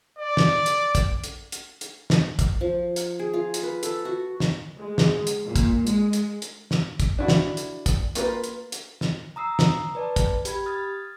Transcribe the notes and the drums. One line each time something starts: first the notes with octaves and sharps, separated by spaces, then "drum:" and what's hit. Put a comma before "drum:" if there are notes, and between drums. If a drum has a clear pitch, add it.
D5
drum: snare
drum: hi-hat
drum: kick, hi-hat
drum: hi-hat
drum: hi-hat
drum: hi-hat
drum: snare
drum: kick, hi-hat
F3
drum: hi-hat
G#4
F4
drum: hi-hat
B4
A4, drum: hi-hat
F#4
drum: snare
G#3
drum: snare
drum: hi-hat
A#2
drum: kick, hi-hat
G#3, drum: hi-hat
drum: hi-hat
drum: hi-hat
drum: snare
drum: kick, hi-hat
D4 E4 F#4
drum: snare
drum: hi-hat
drum: kick, hi-hat
A#3 F4 G#4 A#4 B4, drum: hi-hat
drum: hi-hat
drum: hi-hat
drum: snare
A#5 D#6 E6 C7
drum: snare
B4 D5 A5
drum: kick, hi-hat
G4 B5 G#6, drum: hi-hat
D#6 F6 G#6 A6